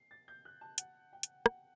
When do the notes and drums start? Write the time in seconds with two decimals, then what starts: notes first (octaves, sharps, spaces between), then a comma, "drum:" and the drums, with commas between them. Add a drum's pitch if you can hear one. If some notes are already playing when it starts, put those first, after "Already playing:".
Already playing: C7
0.11 A6
0.28 G6
0.45 F#6
0.61 A5
0.78 F#5, drum: hi-hat
1.13 G5
1.23 drum: hi-hat
1.46 F#5, drum: rim click